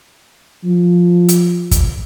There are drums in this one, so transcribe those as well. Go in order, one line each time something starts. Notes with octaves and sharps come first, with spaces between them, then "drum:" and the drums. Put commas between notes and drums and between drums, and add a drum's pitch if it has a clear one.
F3
drum: hi-hat
drum: kick, hi-hat